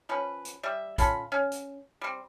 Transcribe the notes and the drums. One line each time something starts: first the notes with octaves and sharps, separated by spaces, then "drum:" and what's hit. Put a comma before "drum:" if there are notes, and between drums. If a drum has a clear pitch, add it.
F3 C#4 B4
drum: hi-hat
G3 E5
C#4 F4 A4 B5, drum: kick, hi-hat
C#4
drum: hi-hat
G3 C4